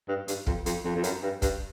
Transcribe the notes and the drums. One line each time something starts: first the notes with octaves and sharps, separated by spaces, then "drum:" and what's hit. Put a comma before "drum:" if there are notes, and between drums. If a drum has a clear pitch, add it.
G2
G2, drum: hi-hat
F2, drum: kick
F2, drum: hi-hat
F2
F2
F#2, drum: hi-hat
G2
G2, drum: kick, hi-hat